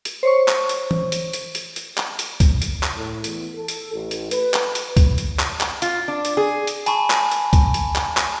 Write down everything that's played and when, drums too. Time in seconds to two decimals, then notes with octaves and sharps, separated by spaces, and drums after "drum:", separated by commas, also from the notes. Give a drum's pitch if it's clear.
0.05 drum: hi-hat
0.23 C5 C#5 C#6
0.48 drum: clap
0.69 drum: hi-hat
0.91 drum: tom
1.12 drum: hi-hat
1.33 drum: hi-hat
1.55 drum: hi-hat
1.76 drum: hi-hat
1.98 drum: clap
2.19 drum: hi-hat
2.40 drum: kick C2, hi-hat
2.62 drum: hi-hat
2.83 drum: clap
2.96 A2
3.24 E2, drum: hi-hat
3.54 A4
3.68 drum: hi-hat
3.93 A1
4.11 drum: hi-hat
4.31 B4, drum: hi-hat
4.54 drum: clap
4.75 drum: hi-hat
4.97 drum: kick C2, hi-hat
5.18 drum: hi-hat
5.39 drum: clap
5.61 drum: clap
5.82 F4, drum: hi-hat
6.08 D4
6.25 drum: hi-hat
6.37 G#4
6.67 drum: hi-hat
6.86 G#5 A5 B5 C#6, drum: hi-hat
7.10 drum: clap
7.32 drum: hi-hat
7.53 drum: kick C2, hi-hat
7.74 drum: hi-hat
7.96 drum: clap
8.17 drum: clap